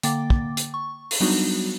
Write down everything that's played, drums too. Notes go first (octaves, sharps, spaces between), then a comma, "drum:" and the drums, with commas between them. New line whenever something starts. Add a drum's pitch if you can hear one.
D3 A#3 G5 D6 A6, drum: hi-hat
drum: kick
drum: hi-hat
C#6
drum: open hi-hat
F#3 G3 B3 D4 D#4 F#4